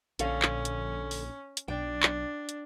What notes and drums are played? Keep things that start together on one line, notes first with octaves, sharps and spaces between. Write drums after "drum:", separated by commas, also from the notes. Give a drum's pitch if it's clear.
A#1 D3 C#4 A4 F5, drum: hi-hat
drum: clap
drum: hi-hat
drum: open hi-hat
drum: hi-hat
B1 D4 G5
drum: clap
drum: hi-hat